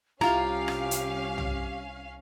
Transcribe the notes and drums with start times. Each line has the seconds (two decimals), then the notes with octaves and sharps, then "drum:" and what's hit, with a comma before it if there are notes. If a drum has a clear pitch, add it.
0.21 C2 C#4 E4 F4 G4 F5 A#5, drum: rim click
0.68 drum: rim click
0.91 drum: hi-hat
1.38 drum: tom